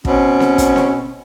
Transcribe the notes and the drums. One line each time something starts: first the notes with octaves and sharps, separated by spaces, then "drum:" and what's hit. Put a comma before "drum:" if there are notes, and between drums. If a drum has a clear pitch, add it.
B2 C4 C#4, drum: kick
drum: snare C4
drum: kick, hi-hat
drum: snare C4